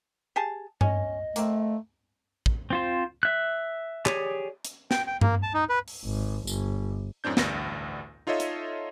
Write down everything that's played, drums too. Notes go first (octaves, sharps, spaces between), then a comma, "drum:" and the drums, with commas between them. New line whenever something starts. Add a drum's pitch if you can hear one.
G4 G#4 A5
C#4 D#5, drum: tom G2
A3 A#3 C4, drum: hi-hat
drum: kick
C4 F4 C5
E5 F#6
G4 G#4 C#5 D5, drum: clap
drum: hi-hat
G5, drum: snare
G5
A#3, drum: tom G2
A5
D#4
B4
drum: open hi-hat
G#1
G1, drum: tambourine
F#2 A2 C4 D4 G6
A1 D2 G2 D5 A#6, drum: snare
D#4 F4 A4 C#5 D#5 E5
drum: hi-hat